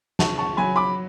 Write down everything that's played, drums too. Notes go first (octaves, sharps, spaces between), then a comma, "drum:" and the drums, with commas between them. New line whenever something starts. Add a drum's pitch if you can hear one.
C#3 A5 C#6, drum: snare
A5 C#6
F#3 G#5 B5
B5 D6